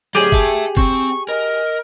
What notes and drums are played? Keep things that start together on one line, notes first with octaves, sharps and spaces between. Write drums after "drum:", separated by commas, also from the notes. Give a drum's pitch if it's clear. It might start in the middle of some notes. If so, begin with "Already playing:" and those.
A2 F#3 G4 G#4
E5 A5, drum: kick G1
C4 C#6, drum: kick G1
A#4 D#5